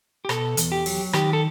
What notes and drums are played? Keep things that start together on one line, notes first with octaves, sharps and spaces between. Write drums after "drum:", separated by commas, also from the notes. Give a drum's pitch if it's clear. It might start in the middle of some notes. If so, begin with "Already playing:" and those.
G4
B2 A4, drum: rim click
E2, drum: hi-hat
G4
F#3, drum: open hi-hat
D#3 G4, drum: rim click
A4